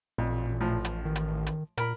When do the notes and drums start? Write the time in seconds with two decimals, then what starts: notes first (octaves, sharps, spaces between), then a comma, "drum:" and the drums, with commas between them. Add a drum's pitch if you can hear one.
0.18 A1 F2 A#2
0.61 A2 F3
0.85 drum: hi-hat
1.05 D#3
1.16 drum: hi-hat
1.47 drum: hi-hat
1.77 A#2 A#4 B5, drum: hi-hat